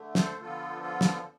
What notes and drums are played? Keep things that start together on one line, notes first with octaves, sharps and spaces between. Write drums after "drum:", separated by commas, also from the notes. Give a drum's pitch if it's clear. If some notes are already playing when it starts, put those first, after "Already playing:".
Already playing: D3 A3
A4 C5, drum: snare
D3 F3 B3 F4 A4
F4 A4
drum: snare